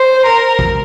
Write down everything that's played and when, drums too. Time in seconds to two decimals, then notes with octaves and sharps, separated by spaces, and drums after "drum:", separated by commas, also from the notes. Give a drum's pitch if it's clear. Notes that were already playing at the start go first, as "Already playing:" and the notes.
Already playing: C5
0.26 A#4
0.59 drum: kick